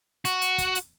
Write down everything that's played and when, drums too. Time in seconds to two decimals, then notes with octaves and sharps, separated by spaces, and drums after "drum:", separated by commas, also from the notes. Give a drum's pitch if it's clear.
0.25 F#4, drum: hi-hat
0.42 drum: hi-hat
0.58 drum: kick, hi-hat
0.75 drum: hi-hat